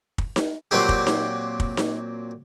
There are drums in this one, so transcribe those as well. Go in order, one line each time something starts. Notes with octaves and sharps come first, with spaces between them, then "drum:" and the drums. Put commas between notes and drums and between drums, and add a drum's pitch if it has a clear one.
drum: kick
drum: snare D#4
A#2 F#3 C4 G4
drum: kick
drum: snare D#4
drum: kick
drum: snare D#4